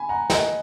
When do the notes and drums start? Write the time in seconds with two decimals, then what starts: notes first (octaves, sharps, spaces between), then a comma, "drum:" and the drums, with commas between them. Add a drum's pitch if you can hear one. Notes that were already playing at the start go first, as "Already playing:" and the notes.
Already playing: G#5 B5
0.09 F#5 A#5
0.30 D#5 F#5, drum: snare